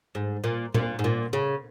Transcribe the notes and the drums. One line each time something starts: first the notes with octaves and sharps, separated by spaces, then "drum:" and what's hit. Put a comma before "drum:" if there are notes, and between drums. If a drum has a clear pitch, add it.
G#2
A#2
A#2, drum: tom A#2
G#2
A#2
C#3